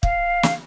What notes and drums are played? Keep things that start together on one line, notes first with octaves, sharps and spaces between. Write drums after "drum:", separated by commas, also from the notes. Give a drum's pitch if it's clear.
F5, drum: kick
drum: snare